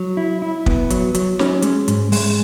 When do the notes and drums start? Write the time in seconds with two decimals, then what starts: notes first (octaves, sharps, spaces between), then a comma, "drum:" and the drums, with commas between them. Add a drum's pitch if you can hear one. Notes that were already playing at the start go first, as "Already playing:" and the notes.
Already playing: F#3
0.17 E4
0.42 E4
0.66 B3, drum: kick
0.90 F#3, drum: hi-hat
1.15 F#3, drum: hi-hat
1.39 C#4, drum: snare
1.62 G#3, drum: hi-hat
1.88 G#2, drum: hi-hat
2.12 G#3, drum: open hi-hat